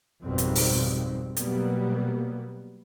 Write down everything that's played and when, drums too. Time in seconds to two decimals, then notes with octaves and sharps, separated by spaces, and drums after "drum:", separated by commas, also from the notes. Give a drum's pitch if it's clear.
0.24 G#1 F2 B2 D#3 G3 C4
0.38 drum: hi-hat
0.55 drum: open hi-hat
1.37 B2 F#3 G3 A#3 B3, drum: hi-hat